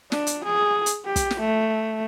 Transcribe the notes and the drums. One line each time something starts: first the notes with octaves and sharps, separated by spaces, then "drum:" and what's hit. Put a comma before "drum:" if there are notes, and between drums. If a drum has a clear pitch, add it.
D4, drum: snare
drum: hi-hat
G#4
drum: hi-hat
G4
drum: kick, hi-hat
drum: snare
A3